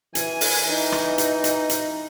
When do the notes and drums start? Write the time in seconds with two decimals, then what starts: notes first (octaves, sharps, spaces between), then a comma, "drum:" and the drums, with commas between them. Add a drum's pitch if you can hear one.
0.15 E3 G#5, drum: hi-hat
0.41 drum: open hi-hat
0.67 E3 D#4
0.92 drum: rim click
1.18 drum: hi-hat
1.44 drum: hi-hat
1.70 drum: hi-hat